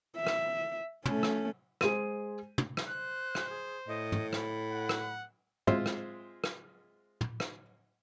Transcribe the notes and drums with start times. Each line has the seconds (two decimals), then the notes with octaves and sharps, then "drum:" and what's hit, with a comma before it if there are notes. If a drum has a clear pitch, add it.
0.16 E5
0.27 drum: rim click
1.05 A3 C#4, drum: tom
1.23 drum: rim click
1.81 G#3 G#4 C5 D#7, drum: rim click
2.58 drum: tom
2.77 drum: rim click
2.87 C5 F#6
3.35 drum: rim click
3.50 G#4
3.88 A2 D#5
4.12 drum: tom
4.33 B5, drum: rim click
4.72 F#5
4.89 drum: rim click
5.67 G#3 C4 F4 C5 E5, drum: tom
5.86 drum: rim click
6.44 drum: rim click
7.21 drum: tom
7.40 drum: rim click